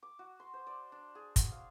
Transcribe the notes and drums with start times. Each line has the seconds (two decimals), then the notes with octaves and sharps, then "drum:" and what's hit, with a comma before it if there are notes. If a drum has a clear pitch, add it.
0.03 D6
0.19 F#4
0.40 C6
0.53 C5
0.67 D5
0.92 D4
1.15 G#4
1.36 F#4, drum: kick, hi-hat
1.52 F5